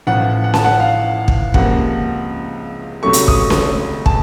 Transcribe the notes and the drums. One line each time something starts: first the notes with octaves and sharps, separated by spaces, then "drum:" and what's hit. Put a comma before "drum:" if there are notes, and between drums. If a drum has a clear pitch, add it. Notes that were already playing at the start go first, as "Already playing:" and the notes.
A1 A2 F3 F#5
F#5
A5, drum: snare C#4
F#5
F5
drum: kick
C#2 C3 F3 A#3 F#5, drum: kick
C#2 C3 F#3 A3 C#6
drum: hi-hat
D#6, drum: kick
drum: snare C#4
A5, drum: kick